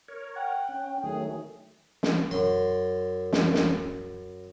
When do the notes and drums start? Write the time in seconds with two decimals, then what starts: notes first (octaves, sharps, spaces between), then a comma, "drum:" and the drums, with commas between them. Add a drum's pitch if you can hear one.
0.08 A#4 C#5
0.36 F#5 G5
0.69 C#4
1.04 D#3 F#3 A3 G#4
2.03 drum: snare
2.31 F#2 C6
3.33 drum: snare
3.54 drum: snare